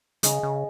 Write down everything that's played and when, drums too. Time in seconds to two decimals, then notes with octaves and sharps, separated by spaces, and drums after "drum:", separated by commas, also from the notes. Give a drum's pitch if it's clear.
0.23 C#3 G#4 D#5 G#5, drum: hi-hat
0.43 C#3